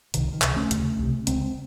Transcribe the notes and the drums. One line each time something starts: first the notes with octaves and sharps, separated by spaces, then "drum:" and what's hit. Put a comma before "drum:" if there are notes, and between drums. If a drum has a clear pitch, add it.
C2 C3 D#3, drum: hi-hat
D#3
C#2 C3 E3, drum: clap
A3 C#4
D#2 C#3, drum: hi-hat
C2 C3
C#2 C#3 G#3 C4, drum: hi-hat